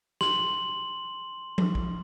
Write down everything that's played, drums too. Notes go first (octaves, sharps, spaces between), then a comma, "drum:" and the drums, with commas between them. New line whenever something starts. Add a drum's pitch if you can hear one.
C6 F#7, drum: snare
drum: tom F3
drum: kick